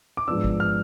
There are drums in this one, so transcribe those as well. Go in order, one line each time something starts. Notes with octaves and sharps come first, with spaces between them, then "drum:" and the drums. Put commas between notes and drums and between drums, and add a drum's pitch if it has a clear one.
D6
G#2 F3 B3 D4 E6
drum: kick G#1
F6